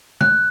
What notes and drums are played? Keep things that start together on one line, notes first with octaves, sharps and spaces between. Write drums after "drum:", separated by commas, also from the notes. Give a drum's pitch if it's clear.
F#6, drum: tom